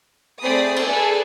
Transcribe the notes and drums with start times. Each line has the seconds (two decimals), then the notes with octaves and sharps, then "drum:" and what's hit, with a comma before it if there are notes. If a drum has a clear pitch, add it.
0.41 A3 C4 G#4 D5 B5 D#6
0.76 drum: cymbal
0.86 G#4 A4 B4 D5 G#5